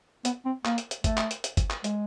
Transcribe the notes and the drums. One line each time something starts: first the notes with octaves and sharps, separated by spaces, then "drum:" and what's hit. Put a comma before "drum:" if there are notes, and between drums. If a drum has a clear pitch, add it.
B3, drum: hi-hat
C4
A#3, drum: clap
drum: hi-hat
drum: hi-hat
A3, drum: kick, hi-hat
drum: clap
drum: hi-hat
drum: hi-hat
drum: kick, hi-hat
drum: clap
G#3, drum: hi-hat